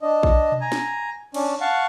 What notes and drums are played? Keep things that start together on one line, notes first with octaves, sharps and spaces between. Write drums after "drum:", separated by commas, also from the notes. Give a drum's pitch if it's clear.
D4 D#5
drum: kick A1
drum: tom B2
G#5 A#5
drum: snare
C#4 D4, drum: cymbal
F5 F#5 A5 C#6